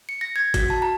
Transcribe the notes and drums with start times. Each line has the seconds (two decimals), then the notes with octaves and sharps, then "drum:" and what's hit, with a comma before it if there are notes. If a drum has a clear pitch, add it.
0.09 C#7
0.21 A#6
0.36 G#6
0.54 F#4, drum: kick G#1, hi-hat
0.70 A5
0.82 A#5